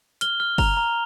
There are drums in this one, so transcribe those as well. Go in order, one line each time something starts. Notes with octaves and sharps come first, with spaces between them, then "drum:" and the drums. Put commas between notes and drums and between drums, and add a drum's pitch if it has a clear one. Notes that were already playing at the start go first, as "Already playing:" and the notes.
F6 G7, drum: hi-hat
F6
A#5 F7, drum: kick G1, open hi-hat
A#5